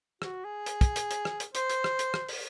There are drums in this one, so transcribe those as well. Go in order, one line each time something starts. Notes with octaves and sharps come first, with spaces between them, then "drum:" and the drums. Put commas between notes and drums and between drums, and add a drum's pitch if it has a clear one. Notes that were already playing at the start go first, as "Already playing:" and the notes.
F#4, drum: rim click
G#4
drum: hi-hat
drum: kick, hi-hat
drum: hi-hat
drum: hi-hat
drum: rim click
drum: hi-hat
C5, drum: hi-hat
drum: hi-hat
drum: rim click
drum: hi-hat
drum: rim click
drum: open hi-hat